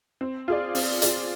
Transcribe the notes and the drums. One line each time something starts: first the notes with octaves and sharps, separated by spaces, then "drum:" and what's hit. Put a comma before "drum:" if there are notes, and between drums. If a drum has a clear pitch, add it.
C4
F4 G#4 D5
C4, drum: open hi-hat
F4 G#4 D5, drum: hi-hat